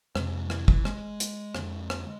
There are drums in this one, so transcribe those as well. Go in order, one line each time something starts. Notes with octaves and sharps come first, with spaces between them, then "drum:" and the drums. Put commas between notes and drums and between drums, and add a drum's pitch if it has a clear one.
F2 C3 G#3, drum: rim click
E3, drum: rim click
drum: kick
G#3, drum: rim click
drum: hi-hat
F2 D3, drum: rim click
drum: rim click